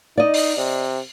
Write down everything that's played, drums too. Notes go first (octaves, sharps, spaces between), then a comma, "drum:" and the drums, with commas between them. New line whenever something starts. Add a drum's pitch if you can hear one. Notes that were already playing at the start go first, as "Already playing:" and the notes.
D#4 D5 D#5
drum: open hi-hat
C3